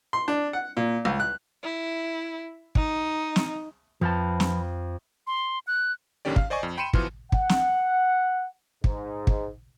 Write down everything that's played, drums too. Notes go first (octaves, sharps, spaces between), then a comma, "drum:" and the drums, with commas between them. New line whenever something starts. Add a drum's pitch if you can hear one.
C6
D4
F#5
A#2
C#2
F#6
E4
D#4, drum: kick
drum: snare
F2 F3 B4 A5 F6
drum: snare
C6
F#6
A#1 D3 D#3 C#4 G4 D5
F5, drum: kick
C5 D5 D#5 G#5 C#6
F2
G5 B5 C6 C#7 D#7 E7
B2 E3 F3 C6 F6, drum: kick
F#5, drum: kick
drum: snare
G#2, drum: kick
drum: kick